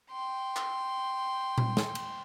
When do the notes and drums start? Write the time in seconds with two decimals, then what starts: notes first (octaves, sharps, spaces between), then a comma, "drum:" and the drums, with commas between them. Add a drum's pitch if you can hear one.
0.11 G5 C6
0.56 drum: clap
1.58 drum: tom A#2
1.77 drum: snare
1.95 drum: cymbal